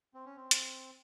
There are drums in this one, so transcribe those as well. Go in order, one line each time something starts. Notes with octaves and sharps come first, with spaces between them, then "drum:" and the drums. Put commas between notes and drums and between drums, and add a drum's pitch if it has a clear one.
C4
C#4
C4
drum: hi-hat